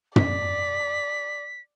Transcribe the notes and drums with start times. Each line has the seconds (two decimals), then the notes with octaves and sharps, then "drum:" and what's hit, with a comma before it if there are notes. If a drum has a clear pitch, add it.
0.16 D5 B6, drum: tom